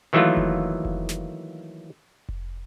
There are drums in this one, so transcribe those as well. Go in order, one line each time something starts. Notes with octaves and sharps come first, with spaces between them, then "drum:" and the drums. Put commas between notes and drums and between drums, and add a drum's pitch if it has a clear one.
D#3 E3 F#3 A3 A#3 F4
drum: kick F1
drum: kick F1
drum: snare
drum: kick F1